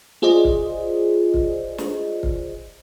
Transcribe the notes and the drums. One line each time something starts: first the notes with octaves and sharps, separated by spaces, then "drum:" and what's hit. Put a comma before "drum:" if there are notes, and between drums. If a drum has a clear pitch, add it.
F4 G#4 C5 D5 D#5
drum: kick
drum: kick
drum: snare
drum: kick